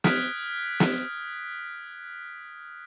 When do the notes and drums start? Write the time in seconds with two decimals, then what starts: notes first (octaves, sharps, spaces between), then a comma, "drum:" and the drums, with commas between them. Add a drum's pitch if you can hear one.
0.04 D#6 F6 F#6 G#6 B6 D7, drum: snare
0.80 drum: snare